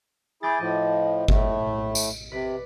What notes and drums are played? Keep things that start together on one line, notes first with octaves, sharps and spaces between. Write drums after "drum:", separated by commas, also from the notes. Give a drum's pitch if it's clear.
E4 G#4 D6 G6 A6
A2 F3 D#5
A2 A3, drum: kick G1
drum: tambourine
C3 B4 D5